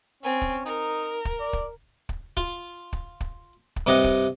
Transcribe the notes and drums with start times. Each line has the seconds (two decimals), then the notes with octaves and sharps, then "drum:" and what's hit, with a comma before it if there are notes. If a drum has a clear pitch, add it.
0.23 C4 C#4 G#5
0.42 drum: kick
0.66 D#4 A#4
1.25 drum: kick
1.40 D5
1.53 drum: kick
2.09 drum: kick
2.37 F4, drum: kick
2.93 drum: kick
3.21 drum: kick
3.76 drum: kick
3.87 G2 C3 G4 D#5 F#5
4.04 drum: kick